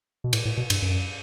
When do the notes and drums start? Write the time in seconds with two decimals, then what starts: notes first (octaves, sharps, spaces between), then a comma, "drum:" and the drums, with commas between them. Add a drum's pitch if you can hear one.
0.24 B2
0.33 A2, drum: cymbal
0.45 A2
0.57 B2
0.70 G2, drum: cymbal
0.82 F#2